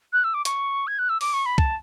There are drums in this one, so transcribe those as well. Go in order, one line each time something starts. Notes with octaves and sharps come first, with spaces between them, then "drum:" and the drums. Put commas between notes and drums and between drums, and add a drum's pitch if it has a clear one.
F#6
E6
D6
C#6, drum: hi-hat
G#6
F#6
E6
D6, drum: open hi-hat
C#6
B5
A5, drum: kick